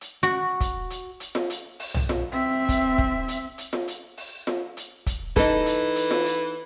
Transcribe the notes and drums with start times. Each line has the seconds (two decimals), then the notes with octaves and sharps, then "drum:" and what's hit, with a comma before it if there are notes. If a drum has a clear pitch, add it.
0.01 drum: hi-hat
0.23 F#4
0.61 drum: kick, hi-hat
0.90 drum: hi-hat
1.20 drum: hi-hat
1.35 drum: snare F4
1.50 drum: hi-hat
1.79 drum: open hi-hat
1.94 drum: tom B1
2.09 drum: snare F4
2.32 C4 E5
2.69 drum: kick, hi-hat
2.98 drum: kick
3.28 drum: hi-hat
3.58 drum: hi-hat
3.73 drum: snare F4
3.88 drum: hi-hat
4.17 drum: open hi-hat
4.47 drum: snare F4
4.77 drum: hi-hat
5.07 drum: kick, hi-hat
5.36 E3 D#4 A4, drum: kick, hi-hat
5.66 drum: hi-hat
5.96 drum: hi-hat
6.11 drum: snare F4
6.25 drum: hi-hat